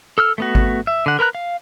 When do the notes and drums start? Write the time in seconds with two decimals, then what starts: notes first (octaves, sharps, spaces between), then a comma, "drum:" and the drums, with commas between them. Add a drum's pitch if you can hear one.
0.18 A4 E6 F6
0.38 A3 B3 F#4
0.55 drum: kick G#1
0.87 E5
1.06 D3 F#5
1.19 A#4 B4 A#5 F#6
1.35 F5